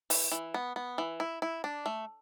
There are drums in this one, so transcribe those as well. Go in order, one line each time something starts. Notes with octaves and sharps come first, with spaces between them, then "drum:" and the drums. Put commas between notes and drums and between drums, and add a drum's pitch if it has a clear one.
E3, drum: open hi-hat
E3
B3
B3
E3
E4
E4
D4
A3